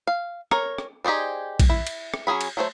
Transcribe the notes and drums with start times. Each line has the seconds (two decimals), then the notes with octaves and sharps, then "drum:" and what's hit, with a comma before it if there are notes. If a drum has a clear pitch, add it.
0.07 F5
0.51 A#4 C#5, drum: rim click
0.78 drum: rim click
1.05 D#4 G4 G#4 C5 D5
1.60 drum: kick, cymbal
1.70 E4
1.87 drum: cymbal
2.14 drum: rim click
2.27 F#3 C#4 G#4 B5
2.41 drum: cymbal
2.57 F#3 A3 C5